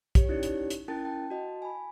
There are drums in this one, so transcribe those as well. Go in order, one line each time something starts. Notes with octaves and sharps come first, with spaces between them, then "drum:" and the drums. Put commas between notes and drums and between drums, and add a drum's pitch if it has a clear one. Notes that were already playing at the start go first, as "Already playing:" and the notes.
G4 C#5, drum: kick, hi-hat
C#4 D#4 E4 G4 C#5 D5
drum: hi-hat
drum: hi-hat
C#4 E4 A#4 G5 A5 A6
G5 A5
F#4 D#5 A5
G#5 B5